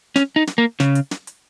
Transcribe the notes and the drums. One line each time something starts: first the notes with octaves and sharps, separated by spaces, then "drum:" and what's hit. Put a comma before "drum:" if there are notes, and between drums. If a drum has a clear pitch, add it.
C#4, drum: snare
D#4
drum: snare
A#3
C#3, drum: snare
drum: hi-hat
drum: snare
drum: hi-hat